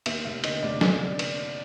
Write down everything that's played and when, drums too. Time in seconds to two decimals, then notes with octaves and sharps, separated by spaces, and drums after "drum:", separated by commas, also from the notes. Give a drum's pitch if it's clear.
0.06 D#2 E5, drum: cymbal
0.25 F1 E5
0.44 D3 D#5, drum: cymbal
0.63 F1 D5
0.81 D#2, drum: snare
1.19 drum: cymbal